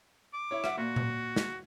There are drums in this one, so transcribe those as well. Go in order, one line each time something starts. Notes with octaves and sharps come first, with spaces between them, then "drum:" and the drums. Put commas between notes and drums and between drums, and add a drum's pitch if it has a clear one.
D6
E4 C#5
E5 F#5, drum: rim click
A#2 F#4
drum: tom A#2
drum: snare